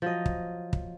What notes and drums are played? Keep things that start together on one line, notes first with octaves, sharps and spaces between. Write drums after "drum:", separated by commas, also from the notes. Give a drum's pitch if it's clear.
F3 F#3 D#5
drum: kick
drum: kick